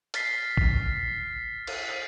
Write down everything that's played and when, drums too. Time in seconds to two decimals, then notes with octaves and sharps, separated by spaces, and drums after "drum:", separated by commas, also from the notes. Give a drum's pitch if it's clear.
0.14 F6 A6 B6 C7, drum: hi-hat
0.57 drum: kick
1.67 drum: cymbal